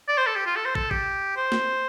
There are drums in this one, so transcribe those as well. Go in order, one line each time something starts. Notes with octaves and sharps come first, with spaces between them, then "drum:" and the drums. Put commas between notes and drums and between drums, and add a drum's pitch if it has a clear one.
D5
C5
A4
G4
F4
A4
C5
A4, drum: kick
G4, drum: kick
C5
drum: snare